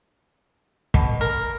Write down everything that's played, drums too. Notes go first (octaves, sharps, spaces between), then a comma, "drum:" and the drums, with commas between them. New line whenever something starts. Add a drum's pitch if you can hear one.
B2, drum: kick
A#4